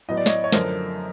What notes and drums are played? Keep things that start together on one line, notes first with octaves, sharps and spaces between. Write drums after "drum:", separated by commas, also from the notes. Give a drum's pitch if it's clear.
A2 F#3 B3 D#5
D5
C#5 D#5, drum: snare
C#5
F#2 D3 F3 A3 A#4 C5, drum: snare